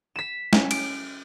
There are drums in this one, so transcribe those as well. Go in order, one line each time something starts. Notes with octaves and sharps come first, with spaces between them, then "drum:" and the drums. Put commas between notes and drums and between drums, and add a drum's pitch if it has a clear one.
B6 E7
C#4 G5 G#5, drum: snare
D7, drum: cymbal